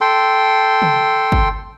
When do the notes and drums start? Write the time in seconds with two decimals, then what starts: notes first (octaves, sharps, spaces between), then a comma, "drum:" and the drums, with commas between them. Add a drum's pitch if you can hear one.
0.01 A4 G5 C6
0.82 drum: tom
1.32 drum: kick